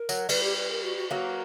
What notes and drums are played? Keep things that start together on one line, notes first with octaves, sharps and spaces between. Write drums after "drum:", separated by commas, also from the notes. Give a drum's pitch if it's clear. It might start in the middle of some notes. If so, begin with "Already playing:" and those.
Already playing: A#4
F#3, drum: tambourine
G3 B4, drum: cymbal
G4
B4
A#4
F#4
F#4
F#3 A#3 F#4